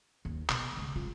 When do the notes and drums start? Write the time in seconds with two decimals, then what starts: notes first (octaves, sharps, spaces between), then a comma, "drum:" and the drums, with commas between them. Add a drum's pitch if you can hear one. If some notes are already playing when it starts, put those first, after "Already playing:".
0.25 D#2
0.49 B2, drum: clap
0.77 C#2
0.96 F4